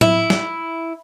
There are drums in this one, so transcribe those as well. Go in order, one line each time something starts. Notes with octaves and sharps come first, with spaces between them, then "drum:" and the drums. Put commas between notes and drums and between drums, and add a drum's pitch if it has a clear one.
E4, drum: tom A2
drum: snare